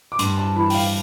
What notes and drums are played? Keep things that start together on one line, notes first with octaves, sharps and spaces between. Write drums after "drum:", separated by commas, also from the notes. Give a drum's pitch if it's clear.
D6
G2 C6, drum: hi-hat
A5
E3 B5
G5, drum: open hi-hat
F5